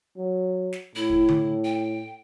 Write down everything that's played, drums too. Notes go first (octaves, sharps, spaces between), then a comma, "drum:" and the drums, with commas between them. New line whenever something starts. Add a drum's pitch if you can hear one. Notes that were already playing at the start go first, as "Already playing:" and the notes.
F#3
drum: snare
A2 E4
drum: kick
drum: tom D3
G5